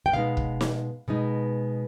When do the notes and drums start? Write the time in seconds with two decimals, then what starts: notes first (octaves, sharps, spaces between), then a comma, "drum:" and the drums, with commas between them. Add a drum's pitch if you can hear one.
0.06 G5
0.13 B2 G#3 B3 D#4 F5
0.37 drum: kick
0.61 drum: snare
1.08 B2 G#3 B3 D#4